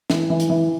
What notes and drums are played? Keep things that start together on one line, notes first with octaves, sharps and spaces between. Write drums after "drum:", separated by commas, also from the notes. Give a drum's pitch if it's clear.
E3, drum: snare
E3
drum: hi-hat
E3